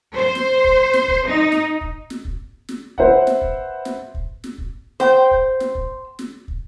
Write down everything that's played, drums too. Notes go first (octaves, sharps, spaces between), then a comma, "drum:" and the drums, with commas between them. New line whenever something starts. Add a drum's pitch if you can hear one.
C5
drum: snare
drum: kick
drum: snare
drum: kick
D#4
drum: snare
drum: kick
drum: snare
drum: kick
drum: snare
B4 C5 E5 F#5, drum: kick
drum: snare
drum: kick
drum: snare
drum: kick
drum: snare
drum: kick
C5 G5, drum: snare
drum: kick
drum: snare
drum: kick
drum: snare
drum: kick